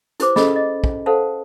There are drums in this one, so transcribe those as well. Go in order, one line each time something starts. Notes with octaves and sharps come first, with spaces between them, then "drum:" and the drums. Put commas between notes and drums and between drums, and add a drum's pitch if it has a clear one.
E4 G4 B4 C5 D6, drum: hi-hat
C#4 G#4 A4 D#5 B5, drum: snare
D#5
drum: kick
A4 B4 C5 F5 F#5 A5